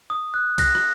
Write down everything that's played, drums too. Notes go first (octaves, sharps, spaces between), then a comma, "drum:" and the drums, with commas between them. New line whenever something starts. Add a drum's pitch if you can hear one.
D#6
F#6
F#6 A#6, drum: kick C2, cymbal
drum: rim click